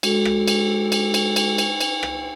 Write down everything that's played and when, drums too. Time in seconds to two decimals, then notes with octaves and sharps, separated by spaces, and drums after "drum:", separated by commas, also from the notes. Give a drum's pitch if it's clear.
0.03 G#3 F#4 A4, drum: cymbal
0.25 drum: rim click
0.48 drum: cymbal
0.92 drum: cymbal
1.14 drum: cymbal
1.36 drum: cymbal
1.58 drum: cymbal
1.81 drum: cymbal
2.03 drum: rim click